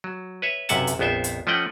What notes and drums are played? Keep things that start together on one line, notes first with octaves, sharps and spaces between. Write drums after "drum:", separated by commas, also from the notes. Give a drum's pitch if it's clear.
F#3
B4 C#5 E5
B1 F#2 C3 E5 F#5 A5, drum: hi-hat
drum: hi-hat
A#1 F2 B3 C5 E5
drum: hi-hat
F3 A3 C#4 D#5 F#5 G5